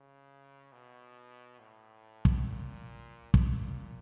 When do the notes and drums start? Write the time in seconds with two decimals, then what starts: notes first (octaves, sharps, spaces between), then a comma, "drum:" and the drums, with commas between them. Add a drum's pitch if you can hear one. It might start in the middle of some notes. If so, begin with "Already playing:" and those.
Already playing: C#3
0.73 B2
1.59 A2
2.25 drum: kick
2.47 A#2
3.34 A#2, drum: kick